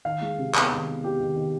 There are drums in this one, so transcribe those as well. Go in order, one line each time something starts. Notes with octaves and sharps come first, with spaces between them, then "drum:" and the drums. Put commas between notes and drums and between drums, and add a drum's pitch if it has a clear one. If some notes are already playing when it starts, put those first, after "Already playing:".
D#3 F5
G#3
C3
B3, drum: clap
D#3
B3
B3 G4
D#3
D#3